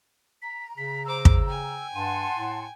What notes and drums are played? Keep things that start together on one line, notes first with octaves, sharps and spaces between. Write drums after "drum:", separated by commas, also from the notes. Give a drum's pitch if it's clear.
A#5 B6
C#3 B6
C5 D6 E6
drum: kick
G5 G#5
G2 F#5 A5 C6 D#7
A2